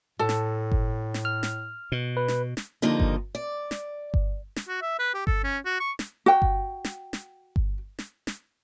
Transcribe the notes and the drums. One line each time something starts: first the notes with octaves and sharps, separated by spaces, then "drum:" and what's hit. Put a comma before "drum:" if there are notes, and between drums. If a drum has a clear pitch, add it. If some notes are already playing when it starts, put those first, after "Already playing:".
A2 A4 A5
drum: snare
drum: kick G1
drum: snare
F6
drum: snare
B2
B4
drum: snare
drum: snare
D3 D#3 F3 G3 A#3 D#4
drum: kick G1
D5
drum: snare
drum: kick G1
drum: snare
F#4
E5
B4
G4
A4, drum: kick G1
C#4
F#4
C#6
drum: snare
F#4 G5
drum: kick G1
drum: snare
drum: snare
drum: kick G1
drum: snare
drum: snare